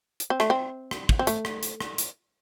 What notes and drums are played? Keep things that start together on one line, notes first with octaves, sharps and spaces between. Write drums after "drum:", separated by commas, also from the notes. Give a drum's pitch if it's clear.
drum: hi-hat
C4
A3, drum: rim click
C4
drum: rim click
drum: kick
C4
A3, drum: hi-hat
drum: rim click
drum: hi-hat
drum: rim click
drum: hi-hat